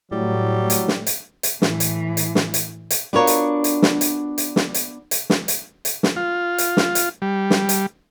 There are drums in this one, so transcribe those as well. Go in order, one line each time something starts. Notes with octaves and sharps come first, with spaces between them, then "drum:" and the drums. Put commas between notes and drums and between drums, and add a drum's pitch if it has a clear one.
A2 F#3 G3
drum: hi-hat
drum: snare
drum: hi-hat
drum: hi-hat
A2 E3, drum: snare
drum: hi-hat
drum: hi-hat
drum: snare
drum: hi-hat
drum: hi-hat
B3 D4 F4 F#4 A#4 C#5
drum: hi-hat
drum: hi-hat
drum: snare
drum: hi-hat
drum: hi-hat
drum: snare
drum: hi-hat
drum: hi-hat
drum: snare
drum: hi-hat
drum: hi-hat
drum: snare
F4
drum: hi-hat
drum: snare
drum: hi-hat
G3
drum: snare
drum: hi-hat